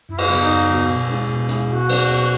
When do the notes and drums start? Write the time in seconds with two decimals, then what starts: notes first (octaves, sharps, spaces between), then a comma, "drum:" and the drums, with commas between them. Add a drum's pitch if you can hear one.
0.09 F#2 E4
0.18 F#4, drum: cymbal
0.28 C#3 F#3 B3 E4 F#4
0.39 D#4
0.49 F#2
0.69 C#3 F#3 B3 F#4
0.89 B2
1.08 G#3 C#4 E4 G#4
1.29 B2
1.48 G#3 C#4 E4 G#4, drum: hi-hat
1.69 B2 F#4
1.89 F#3 C#4 G#4, drum: cymbal
2.09 B2